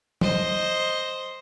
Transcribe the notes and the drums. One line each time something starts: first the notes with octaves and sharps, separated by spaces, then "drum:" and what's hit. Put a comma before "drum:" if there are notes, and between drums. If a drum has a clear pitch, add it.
C5 D#5, drum: tom